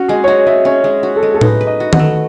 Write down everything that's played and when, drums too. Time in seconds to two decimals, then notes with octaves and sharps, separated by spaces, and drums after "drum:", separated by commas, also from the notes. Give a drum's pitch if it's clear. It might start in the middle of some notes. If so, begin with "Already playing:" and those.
Already playing: C#4 F#4
0.08 G#3 G#4
0.24 C#5
0.27 F#4 D#5
0.47 G#3 E5
0.65 C#4 C#5
0.84 G#3
1.03 F#4
1.16 A4
1.23 G#3
1.34 A4
1.41 D#4 B4, drum: tom A2
1.61 B4
1.67 D#5
1.80 F#4
1.93 F#5, drum: tom D#3
1.99 A3